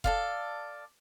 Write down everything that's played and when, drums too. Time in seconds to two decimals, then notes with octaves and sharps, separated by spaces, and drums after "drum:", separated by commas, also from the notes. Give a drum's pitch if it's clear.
0.04 A4 D5 F5, drum: kick F1